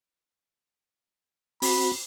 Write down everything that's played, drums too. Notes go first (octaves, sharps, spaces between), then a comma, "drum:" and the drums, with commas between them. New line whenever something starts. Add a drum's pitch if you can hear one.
C4 F#4 B5, drum: open hi-hat